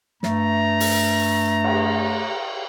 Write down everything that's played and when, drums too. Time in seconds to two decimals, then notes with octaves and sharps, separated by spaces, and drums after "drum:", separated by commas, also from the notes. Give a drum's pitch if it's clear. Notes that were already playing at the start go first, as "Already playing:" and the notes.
0.23 G2 A3 A#5, drum: snare
0.80 drum: open hi-hat
1.64 drum: cymbal